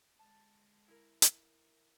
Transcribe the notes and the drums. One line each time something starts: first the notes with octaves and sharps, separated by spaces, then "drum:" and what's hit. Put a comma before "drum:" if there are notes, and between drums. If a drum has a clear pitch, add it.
D3 G#3 A5
E4 A#4
drum: hi-hat